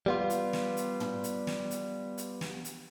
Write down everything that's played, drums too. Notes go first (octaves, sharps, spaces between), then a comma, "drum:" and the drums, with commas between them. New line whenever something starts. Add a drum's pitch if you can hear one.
G3 B3 F4
drum: hi-hat
drum: snare
drum: hi-hat
drum: tom
drum: hi-hat
drum: snare
drum: hi-hat
drum: hi-hat
drum: snare
drum: hi-hat